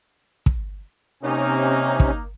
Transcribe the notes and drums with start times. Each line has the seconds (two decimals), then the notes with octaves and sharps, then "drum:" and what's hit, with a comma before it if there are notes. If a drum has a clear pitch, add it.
0.46 drum: kick
1.23 C3 A#3 C#4 D#4
2.00 drum: kick